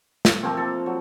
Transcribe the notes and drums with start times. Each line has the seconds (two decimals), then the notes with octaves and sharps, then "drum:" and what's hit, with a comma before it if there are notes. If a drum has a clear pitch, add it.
0.25 F5, drum: snare
0.42 F3 A3 A#3 C4
0.57 A4
0.86 F#3